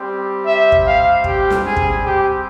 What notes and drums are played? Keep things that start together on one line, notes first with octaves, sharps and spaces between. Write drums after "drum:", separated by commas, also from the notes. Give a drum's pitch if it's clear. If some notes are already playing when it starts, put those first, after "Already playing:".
Already playing: G3 C4 G4
E5
drum: kick
F5
G4, drum: kick
drum: snare
G#4
drum: kick
G4